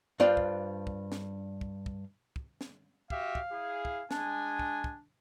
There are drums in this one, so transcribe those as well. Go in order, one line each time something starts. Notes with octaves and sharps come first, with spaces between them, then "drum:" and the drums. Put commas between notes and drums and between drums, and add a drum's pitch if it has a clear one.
G2 D4 F4 C5 F5 G5
drum: kick
drum: kick
drum: snare
drum: kick
drum: kick
drum: kick
drum: snare
F#4 G4 E5 F5, drum: kick
drum: kick
E4 G#4
drum: kick
G#3 D4 G#5, drum: snare
drum: kick
drum: kick